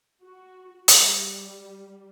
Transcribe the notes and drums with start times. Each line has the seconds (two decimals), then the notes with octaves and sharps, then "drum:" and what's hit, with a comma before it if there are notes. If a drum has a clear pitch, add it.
0.24 F#4
0.88 G3, drum: hi-hat